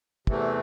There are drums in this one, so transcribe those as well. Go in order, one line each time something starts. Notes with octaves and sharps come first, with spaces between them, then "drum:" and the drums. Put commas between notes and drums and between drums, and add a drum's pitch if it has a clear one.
E2 C3 E3 A3, drum: kick